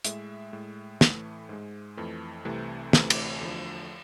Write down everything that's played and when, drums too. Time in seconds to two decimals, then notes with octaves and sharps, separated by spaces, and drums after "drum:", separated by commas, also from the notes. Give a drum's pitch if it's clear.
0.04 A2 G#3 E5, drum: hi-hat
0.53 A2 G#3
1.01 A2 E3 A3, drum: snare
1.49 G#2 G#3
1.97 F2 E3 A3
2.45 C2 C3 E3 A3
2.93 D2 C3 E3 A3, drum: snare
3.10 drum: cymbal
3.41 E2 D3 F3 A3